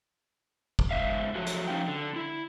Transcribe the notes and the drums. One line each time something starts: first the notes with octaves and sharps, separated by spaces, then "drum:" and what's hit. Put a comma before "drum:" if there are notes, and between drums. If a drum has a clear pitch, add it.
drum: kick G1
G#2 B3 E5 F5
F3 F#3 A3 F#4
drum: hi-hat
F3 C#4 D#4 F5 G5
D3
E4